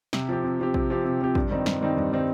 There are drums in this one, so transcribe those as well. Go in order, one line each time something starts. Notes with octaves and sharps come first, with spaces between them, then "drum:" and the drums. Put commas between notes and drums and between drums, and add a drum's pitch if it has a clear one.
C3, drum: snare
F3 C4 G4
C3
F3 C4 G4
C3, drum: kick
F3 C4 G4
C3
F3 C4 G4
G2, drum: kick
D#3 G3 C4 D#4
G2, drum: snare
D#3 G3 C4 D#4
G2
D#3 G3 C4 D#4